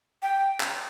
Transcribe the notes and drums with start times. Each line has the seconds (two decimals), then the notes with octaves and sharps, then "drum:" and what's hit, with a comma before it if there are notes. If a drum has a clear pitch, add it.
0.22 G5
0.60 drum: clap